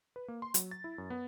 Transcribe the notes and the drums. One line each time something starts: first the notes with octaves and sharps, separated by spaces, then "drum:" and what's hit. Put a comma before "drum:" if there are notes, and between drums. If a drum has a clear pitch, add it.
B4
A#3
C6
F#3, drum: hi-hat
A6
E4
F#2
B3